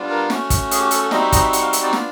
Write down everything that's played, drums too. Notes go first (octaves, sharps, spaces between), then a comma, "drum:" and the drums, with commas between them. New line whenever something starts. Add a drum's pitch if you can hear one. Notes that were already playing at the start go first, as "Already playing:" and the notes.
Already playing: G3 B3 D4 F4
A#4
A3 C#4 F#4, drum: snare
drum: kick, hi-hat
G#4, drum: hi-hat
G4
A4, drum: hi-hat
A4
G3 C4 D#4 F#4 D#5, drum: snare
E5
D#5, drum: kick, hi-hat
E5
F#5, drum: hi-hat
F5
E5, drum: hi-hat
D5
B3 D4 F4, drum: snare